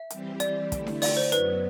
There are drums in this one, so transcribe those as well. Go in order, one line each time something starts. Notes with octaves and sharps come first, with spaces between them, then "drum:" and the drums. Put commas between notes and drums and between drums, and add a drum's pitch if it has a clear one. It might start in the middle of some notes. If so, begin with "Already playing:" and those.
Already playing: E5
E3 G3 C4 G4, drum: hi-hat
D5, drum: hi-hat
D3 A3 E4, drum: kick, hi-hat
drum: snare D4
D5, drum: open hi-hat
C5
F#2 F#3 B3 B4, drum: hi-hat